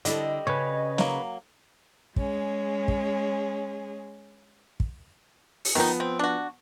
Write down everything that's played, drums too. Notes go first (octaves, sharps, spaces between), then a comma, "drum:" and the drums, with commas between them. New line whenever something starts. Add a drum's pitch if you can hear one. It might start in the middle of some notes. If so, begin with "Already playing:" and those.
D3 G3 E4 A4 D#5, drum: hi-hat
C#3 B4 C#5
F#3 A#3, drum: snare
G#3 C#4 G#4, drum: kick
drum: kick
drum: kick
drum: open hi-hat
D#3 F3 B3 D#4
C4
D4 F#4